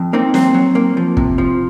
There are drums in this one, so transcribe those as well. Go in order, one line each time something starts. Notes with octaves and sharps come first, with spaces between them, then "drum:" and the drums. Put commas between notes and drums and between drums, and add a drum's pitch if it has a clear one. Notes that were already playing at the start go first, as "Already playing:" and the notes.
Already playing: F2
A#3 C4 D#4
F#3 C4, drum: snare
F#3
A#3
F3
C3, drum: kick
F3